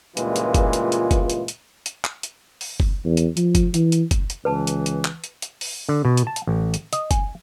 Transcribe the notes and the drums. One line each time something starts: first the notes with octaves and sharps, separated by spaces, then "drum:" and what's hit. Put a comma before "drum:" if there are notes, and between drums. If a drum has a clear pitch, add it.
C#2 G2 A#2 E3 G#3 F4, drum: hi-hat
drum: hi-hat
drum: kick F#1, hi-hat
drum: hi-hat
drum: hi-hat
drum: kick F#1, hi-hat
drum: hi-hat
drum: hi-hat
drum: hi-hat
drum: clap
drum: hi-hat
drum: open hi-hat
drum: kick F#1
E2
drum: hi-hat
F3, drum: hi-hat
drum: kick F#1, hi-hat
E3, drum: hi-hat
drum: hi-hat
drum: kick F#1, hi-hat
drum: hi-hat
C#2 E3 B4 A5
drum: hi-hat
drum: hi-hat
drum: clap
drum: hi-hat
drum: hi-hat
drum: open hi-hat
D3
B2
drum: hi-hat
A5
drum: hi-hat
A1
drum: hi-hat
D#5, drum: hi-hat
G#5, drum: kick F#1, hi-hat